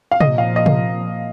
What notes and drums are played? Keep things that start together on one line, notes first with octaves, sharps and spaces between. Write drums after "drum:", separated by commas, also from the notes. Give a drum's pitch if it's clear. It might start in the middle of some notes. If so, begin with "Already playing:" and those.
F5
A#2 F3 A#3 D#5, drum: tom C3
F5
D#5
drum: tom C3